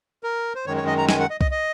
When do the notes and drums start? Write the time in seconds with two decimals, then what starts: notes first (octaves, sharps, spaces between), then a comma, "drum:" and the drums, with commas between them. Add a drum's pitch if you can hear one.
0.23 A#4
0.55 C5
0.66 F#2 D#3 G#3 C#5
0.77 C#5
0.87 D#5
0.98 A#5
1.09 G#5, drum: snare
1.19 F#5
1.30 D#5
1.41 D#5, drum: kick C2
1.51 D#5